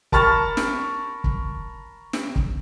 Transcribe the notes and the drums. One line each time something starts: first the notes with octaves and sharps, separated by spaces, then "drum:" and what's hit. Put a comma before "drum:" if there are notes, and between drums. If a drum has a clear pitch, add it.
A#4 A5 B5 C#6 F6 A6, drum: kick
drum: snare
drum: kick
drum: snare
drum: kick